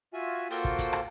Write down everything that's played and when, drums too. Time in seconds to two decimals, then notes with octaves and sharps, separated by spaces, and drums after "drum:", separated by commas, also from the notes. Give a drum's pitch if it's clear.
0.14 F4 F#4 E5 G#5
0.50 A#3 F4 F#4 A4 C5 G5, drum: open hi-hat
0.65 drum: kick
0.79 drum: kick, hi-hat
0.93 drum: rim click